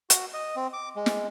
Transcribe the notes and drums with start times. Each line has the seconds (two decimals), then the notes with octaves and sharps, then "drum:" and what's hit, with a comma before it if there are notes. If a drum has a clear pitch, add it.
0.10 F#4, drum: hi-hat
0.34 D#5
0.56 C4
0.73 D6
0.96 G#3
1.06 drum: snare